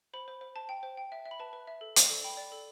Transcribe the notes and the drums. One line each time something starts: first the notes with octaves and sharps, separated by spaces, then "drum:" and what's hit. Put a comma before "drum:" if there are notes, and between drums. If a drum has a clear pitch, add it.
C5 B5
C5
C5
C5 A5
G5
C5
G5
E5
E5
B5
B4 A5
B4
E5
A4
D5, drum: hi-hat
A4
G5 B5
D5
A4